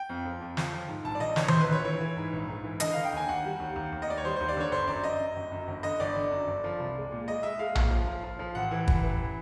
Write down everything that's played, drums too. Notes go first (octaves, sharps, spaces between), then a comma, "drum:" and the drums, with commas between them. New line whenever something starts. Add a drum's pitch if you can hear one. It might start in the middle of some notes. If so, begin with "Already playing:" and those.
Already playing: G5
F2
F3
F2
F3, drum: snare
F3
G#2
A#1 A5
D5
A#1 D#5
E3 C#5, drum: snare
A#1 C5, drum: tom D#3
B4
A#1 C#5
E3 C#5
E3
G#2
A#1
G#2
E3
D3 D#5, drum: hi-hat
D3 F5
G5
D#2 G#5
D#2 F#5
G3
D#2
D#2
D#2
D#5
D#2 D5
C#5
G3 C5
D#2 C5
D5
D3 C#5
G1 C5
F#2 D5
F#2 D#5
F#2
G1
F#2
G1
D3 D#5
G1 D5
D3
F#2
G1
F3
C2
G#3
A#2
G#3 D#5
G#3 E5
G#3 F5
A#2, drum: tom A#1
F3
F3
F3
F3
A1 F#5
E3
A1, drum: kick
E3